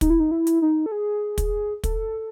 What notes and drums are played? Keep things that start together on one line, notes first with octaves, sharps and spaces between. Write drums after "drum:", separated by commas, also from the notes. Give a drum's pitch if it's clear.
D#4, drum: kick, hi-hat
E4
D#4
E4
drum: hi-hat
D#4
A4
G#4
drum: kick, hi-hat
A4, drum: kick, hi-hat